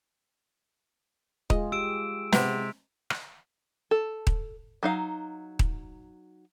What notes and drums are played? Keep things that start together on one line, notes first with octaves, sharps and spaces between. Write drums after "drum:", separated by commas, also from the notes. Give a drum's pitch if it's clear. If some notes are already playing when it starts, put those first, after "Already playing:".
G#3 F4 G#4 D#5, drum: kick D#1
G4 E6 D7 E7
C3 G#3 B3 B6, drum: snare
drum: rim click
A4
drum: kick D#1
F#3 D#4 F5
drum: kick D#1